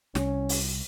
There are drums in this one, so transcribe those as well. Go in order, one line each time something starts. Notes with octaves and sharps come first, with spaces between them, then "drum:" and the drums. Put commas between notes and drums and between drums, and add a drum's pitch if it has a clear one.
C2 C#4, drum: snare
drum: open hi-hat